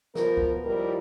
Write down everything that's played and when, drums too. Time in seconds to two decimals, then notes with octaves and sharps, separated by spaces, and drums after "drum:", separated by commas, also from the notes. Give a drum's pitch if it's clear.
0.15 B2 F3 B3 A#4, drum: snare
0.37 drum: kick
0.65 D#2 F3 G3 E4 A#4